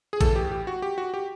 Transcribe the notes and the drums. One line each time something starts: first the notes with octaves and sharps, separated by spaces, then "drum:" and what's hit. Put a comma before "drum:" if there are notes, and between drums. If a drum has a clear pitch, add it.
G#4
A2 E3 A4, drum: kick A1, hi-hat
G4
G4
F#4
G4
F#4
G4